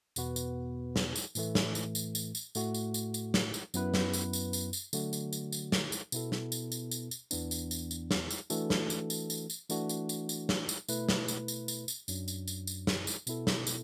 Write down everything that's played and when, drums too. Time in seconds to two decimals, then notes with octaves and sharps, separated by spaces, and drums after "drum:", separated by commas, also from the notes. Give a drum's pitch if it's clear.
0.16 E2 B2 B3 F#4 B4, drum: tambourine
0.36 drum: tambourine
0.96 drum: snare
1.16 drum: tambourine
1.35 A2 E3 A3, drum: tambourine
1.55 drum: snare
1.75 drum: tambourine
1.95 drum: tambourine
2.15 drum: tambourine
2.35 drum: tambourine
2.55 A2 A3 F#4, drum: tambourine
2.74 drum: tambourine
2.94 drum: tambourine
3.14 drum: tambourine
3.34 drum: snare
3.54 drum: tambourine
3.74 F#2 F#3 B3 E4 B4, drum: tambourine
3.94 drum: snare
4.13 drum: tambourine
4.33 drum: tambourine
4.53 drum: tambourine
4.73 drum: tambourine
4.93 D3 F#3 A3 D4 F#4, drum: tambourine
5.13 drum: tambourine
5.33 drum: tambourine
5.52 drum: tambourine
5.72 drum: snare
5.92 drum: tambourine
6.12 B2 B3 E4 A4, drum: tambourine
6.32 drum: snare
6.52 drum: tambourine
6.72 drum: tambourine
6.91 drum: tambourine
7.11 drum: tambourine
7.31 E2 E3 B3 D4, drum: tambourine
7.51 drum: tambourine
7.71 drum: tambourine
7.91 drum: tambourine
8.11 drum: snare
8.31 drum: tambourine
8.50 E3 A3 D4 F#4 A4, drum: tambourine
8.70 drum: snare
8.90 drum: tambourine
9.10 drum: tambourine
9.30 drum: tambourine
9.50 drum: tambourine
9.70 E3 A3 D4 F#4, drum: tambourine
9.89 drum: tambourine
10.09 drum: tambourine
10.29 drum: tambourine
10.49 drum: snare
10.69 drum: tambourine
10.88 B2 A3 E4 B4, drum: tambourine
11.09 drum: snare
11.28 drum: tambourine
11.48 drum: tambourine
11.68 drum: tambourine
11.88 drum: tambourine
12.08 F#2 F#3 D4, drum: tambourine
12.28 drum: tambourine
12.48 drum: tambourine
12.67 drum: tambourine
12.87 drum: snare
13.07 drum: tambourine
13.27 B2 B3 E4 A4, drum: tambourine
13.47 drum: snare
13.67 drum: tambourine